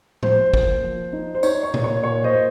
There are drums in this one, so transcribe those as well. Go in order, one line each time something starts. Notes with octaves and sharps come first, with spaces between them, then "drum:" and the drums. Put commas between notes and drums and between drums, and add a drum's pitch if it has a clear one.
F3 C5, drum: tom A2
A#3, drum: kick
F3
D#4
C5
D#4 C#5, drum: tambourine
C#5
A#2, drum: tom B2
C#5
A#2 C#5
C5 D#5
A#2